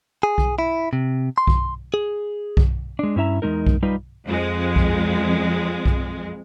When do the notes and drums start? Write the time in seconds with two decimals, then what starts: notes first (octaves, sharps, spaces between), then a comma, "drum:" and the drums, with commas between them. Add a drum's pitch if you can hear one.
0.23 G#4
0.38 drum: kick B1
0.59 E4
0.93 C3
1.38 C6
1.47 drum: kick B1
1.94 G#4
2.57 drum: kick B1
2.99 G#3 D4
3.16 G2 C#4 E4 E5 A#5
3.42 E2 E3 G#3 D#4 A#4
3.66 drum: kick B1
3.83 G3 D#4 F4 B4
4.26 F2 G#3
4.76 drum: kick B1
5.86 drum: kick B1